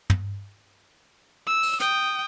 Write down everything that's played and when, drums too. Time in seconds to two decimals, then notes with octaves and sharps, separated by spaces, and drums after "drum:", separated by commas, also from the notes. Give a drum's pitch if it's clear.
0.10 drum: tom
1.47 E6
1.63 drum: open hi-hat
1.80 G5 D#6, drum: hi-hat